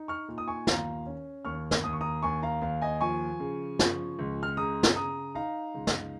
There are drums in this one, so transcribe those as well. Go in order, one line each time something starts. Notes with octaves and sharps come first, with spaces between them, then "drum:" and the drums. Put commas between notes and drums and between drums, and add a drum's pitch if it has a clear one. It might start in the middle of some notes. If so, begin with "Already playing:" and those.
Already playing: D#4
C#6 F6
A#2
D#6
G#5 C#6
D#2 F5 A#5, drum: snare
C#4
D#2 C#6 F6
drum: snare
D#2 D#6
C#6
A#5 D#6
D#2 G#5 C#6
F5 A#5
D#2 F5
D#5 G#5
F3 G#5 C#6
C#3
F3, drum: snare
C#2
F6
C#3 A#5 D#6
drum: snare
C#3 A#5 D#6
D#4 F5 A#5
C#2
drum: snare